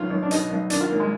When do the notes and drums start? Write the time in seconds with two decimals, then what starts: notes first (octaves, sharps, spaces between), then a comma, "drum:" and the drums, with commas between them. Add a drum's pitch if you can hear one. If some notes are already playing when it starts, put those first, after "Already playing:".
Already playing: B1 D#3 F4
0.10 B1
0.22 D4
0.31 B2 D#4, drum: hi-hat
0.50 B1
0.70 D#3 D4, drum: hi-hat
0.81 F4
0.89 G#1 A#3
1.00 G#3